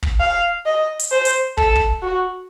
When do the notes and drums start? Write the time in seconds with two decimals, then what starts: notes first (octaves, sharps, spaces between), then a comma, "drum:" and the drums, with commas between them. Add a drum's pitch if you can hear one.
0.03 drum: kick
0.20 F5
0.66 D#5
0.99 drum: hi-hat
1.11 C5
1.25 drum: hi-hat
1.57 A4, drum: kick
1.75 drum: kick
2.02 F#4